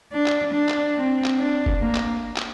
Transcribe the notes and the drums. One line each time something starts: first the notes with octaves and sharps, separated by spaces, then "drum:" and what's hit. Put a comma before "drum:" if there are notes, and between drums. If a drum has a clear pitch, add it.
D4
drum: clap
D4
drum: clap
C4
drum: clap
D4
drum: kick
A#3
drum: clap
drum: clap